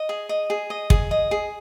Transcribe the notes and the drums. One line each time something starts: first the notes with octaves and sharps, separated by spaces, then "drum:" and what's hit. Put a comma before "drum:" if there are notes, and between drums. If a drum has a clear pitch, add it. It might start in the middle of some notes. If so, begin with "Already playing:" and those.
Already playing: D#5
G#4
D#5
G#4
D#5
G#4, drum: kick
D#5
G#4